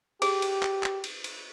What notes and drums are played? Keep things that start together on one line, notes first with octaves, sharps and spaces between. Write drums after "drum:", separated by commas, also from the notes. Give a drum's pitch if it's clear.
G4 G#4, drum: cymbal
drum: cymbal
drum: clap
drum: clap
drum: cymbal
drum: cymbal